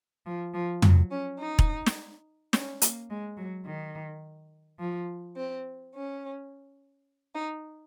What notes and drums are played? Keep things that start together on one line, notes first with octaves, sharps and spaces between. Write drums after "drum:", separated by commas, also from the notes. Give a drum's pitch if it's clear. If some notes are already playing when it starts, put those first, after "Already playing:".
F3
F3
F#3, drum: tom
C#4
D#4
drum: kick E1
drum: snare
C#4, drum: snare
A#3, drum: hi-hat
G#3
F#3
D#3
F3
C4
C#4
D#4